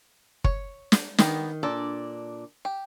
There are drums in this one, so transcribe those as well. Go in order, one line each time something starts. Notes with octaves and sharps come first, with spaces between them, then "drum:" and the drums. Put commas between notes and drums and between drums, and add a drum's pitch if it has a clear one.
C#5, drum: kick
drum: snare
D#3 B3 G4 A#4, drum: snare
A#2 D4 A4 D5
G4